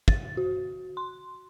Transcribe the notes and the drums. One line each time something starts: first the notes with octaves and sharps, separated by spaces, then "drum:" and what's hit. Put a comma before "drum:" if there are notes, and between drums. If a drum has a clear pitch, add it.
A6, drum: kick
F#4
C6